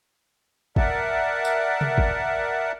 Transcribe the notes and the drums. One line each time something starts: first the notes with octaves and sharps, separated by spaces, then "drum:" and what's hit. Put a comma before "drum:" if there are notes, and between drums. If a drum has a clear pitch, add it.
A#4 D5 E5 F#5 A5, drum: kick
drum: tambourine
drum: tom C3
drum: kick